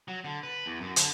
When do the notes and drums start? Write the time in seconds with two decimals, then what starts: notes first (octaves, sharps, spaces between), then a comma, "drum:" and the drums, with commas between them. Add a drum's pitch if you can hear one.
0.08 F#3
0.25 D3
0.43 B4
0.66 E2
0.81 F#2
0.96 D3, drum: hi-hat